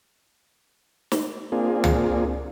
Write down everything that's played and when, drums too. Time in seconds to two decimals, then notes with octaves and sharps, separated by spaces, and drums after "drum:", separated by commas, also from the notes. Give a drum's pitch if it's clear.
1.12 drum: snare
1.52 A#3 C4 D4 F4 G#4
1.84 drum: tom